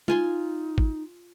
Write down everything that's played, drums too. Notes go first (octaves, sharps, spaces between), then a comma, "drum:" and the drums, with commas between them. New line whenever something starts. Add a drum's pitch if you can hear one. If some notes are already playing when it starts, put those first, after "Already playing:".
D#4 F4 G#5 C6, drum: tom
drum: kick G#1